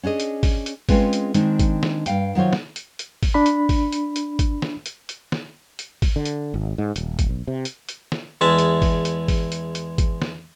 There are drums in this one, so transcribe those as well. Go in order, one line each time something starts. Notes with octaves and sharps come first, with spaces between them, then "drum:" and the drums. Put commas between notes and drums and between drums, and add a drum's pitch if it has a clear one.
C#4 D4 G#4 D#5
drum: hi-hat
drum: kick, open hi-hat
drum: hi-hat
G#3 C4 C#4 F4 G#4 B4, drum: kick, open hi-hat
drum: hi-hat
D#3 G#3 C4 D4 D#4, drum: hi-hat
drum: kick, hi-hat
drum: snare
G2 F5 G5, drum: hi-hat
D#3 F#3 F4 C5 C#5
drum: snare
drum: hi-hat
drum: hi-hat
drum: kick, open hi-hat
D4 B5
drum: hi-hat
drum: kick, open hi-hat
drum: hi-hat
drum: hi-hat
drum: kick, hi-hat
drum: snare
drum: hi-hat
drum: hi-hat
drum: snare
drum: hi-hat
drum: kick, open hi-hat
D3
drum: hi-hat
G#1
G#2
D#1, drum: hi-hat
drum: kick, hi-hat
B1
C3
drum: hi-hat
drum: hi-hat
drum: snare
E2 G#3 E5 A5
drum: hi-hat
drum: kick, open hi-hat
drum: hi-hat
drum: kick, open hi-hat
drum: hi-hat
drum: hi-hat
drum: kick, hi-hat
drum: snare